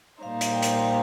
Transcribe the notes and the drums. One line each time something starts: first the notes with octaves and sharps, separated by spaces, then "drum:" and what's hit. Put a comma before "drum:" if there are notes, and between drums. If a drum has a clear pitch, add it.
A#2 G3 D#4 C5 F5
F5, drum: hi-hat
G5
drum: hi-hat
F5